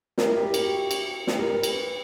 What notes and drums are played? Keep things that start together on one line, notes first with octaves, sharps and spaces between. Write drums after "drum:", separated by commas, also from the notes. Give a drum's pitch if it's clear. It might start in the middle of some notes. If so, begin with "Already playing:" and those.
A#4, drum: snare
E4
G4
A#4
G4, drum: cymbal
F#4
drum: cymbal
G4, drum: snare
A#4
B4
drum: cymbal